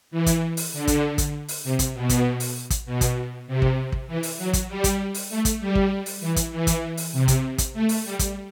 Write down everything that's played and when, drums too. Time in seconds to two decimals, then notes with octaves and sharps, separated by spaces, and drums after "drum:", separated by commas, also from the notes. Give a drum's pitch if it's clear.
0.11 E3
0.26 drum: kick, hi-hat
0.57 drum: open hi-hat
0.73 D3
0.87 drum: kick, hi-hat
1.18 drum: kick, hi-hat
1.48 drum: open hi-hat
1.64 C3
1.79 drum: kick, hi-hat
1.94 B2
2.09 drum: kick, hi-hat
2.40 drum: open hi-hat
2.70 drum: kick, hi-hat
2.86 B2
3.01 drum: kick, hi-hat
3.47 C3
3.62 drum: kick
3.92 drum: kick
4.07 E3
4.23 drum: open hi-hat
4.38 F#3
4.53 drum: kick, hi-hat
4.68 G3
4.84 drum: kick, hi-hat
5.14 drum: open hi-hat
5.30 A3
5.45 drum: kick, hi-hat
5.60 G3
5.75 drum: kick
6.06 drum: open hi-hat
6.21 E3
6.36 drum: kick, hi-hat
6.52 E3
6.67 drum: kick, hi-hat
6.97 drum: open hi-hat
7.13 C3
7.28 drum: kick, hi-hat
7.58 drum: kick, hi-hat
7.74 A3
7.89 drum: open hi-hat
8.05 G3
8.19 drum: kick, hi-hat